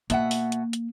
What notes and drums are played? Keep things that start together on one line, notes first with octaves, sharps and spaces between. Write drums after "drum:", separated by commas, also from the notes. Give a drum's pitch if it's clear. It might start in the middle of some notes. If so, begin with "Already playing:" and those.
B2 A#3 E5 F#5, drum: hi-hat
drum: open hi-hat
drum: hi-hat
drum: hi-hat